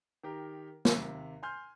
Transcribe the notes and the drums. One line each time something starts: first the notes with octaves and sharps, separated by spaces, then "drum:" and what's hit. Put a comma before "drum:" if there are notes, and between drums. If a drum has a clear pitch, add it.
D#3 G4 A#4
D#2 C3, drum: snare
G#5 C6 F6 G6